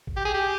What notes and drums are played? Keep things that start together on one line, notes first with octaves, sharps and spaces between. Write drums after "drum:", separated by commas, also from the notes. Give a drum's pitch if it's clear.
drum: kick A1
G4
G#4
G4